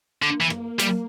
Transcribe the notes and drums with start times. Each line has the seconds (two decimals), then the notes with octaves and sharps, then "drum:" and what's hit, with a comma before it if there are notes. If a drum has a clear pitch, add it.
0.22 D3 A#3
0.41 E3
0.50 drum: rim click
0.79 G3, drum: hi-hat